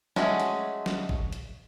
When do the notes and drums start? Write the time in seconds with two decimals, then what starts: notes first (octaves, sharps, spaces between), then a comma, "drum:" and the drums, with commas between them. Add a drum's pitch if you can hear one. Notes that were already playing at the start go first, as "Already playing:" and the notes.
0.16 G#3 A3 C#4 F#4 G#4, drum: snare
0.40 drum: hi-hat
0.86 drum: snare
1.09 drum: kick A1
1.32 drum: hi-hat